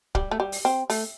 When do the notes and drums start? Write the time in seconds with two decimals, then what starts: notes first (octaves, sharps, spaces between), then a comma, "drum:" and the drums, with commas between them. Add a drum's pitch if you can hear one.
0.15 G3, drum: kick
0.31 A3
0.40 G3
0.52 drum: open hi-hat
0.65 C4
0.90 A3, drum: open hi-hat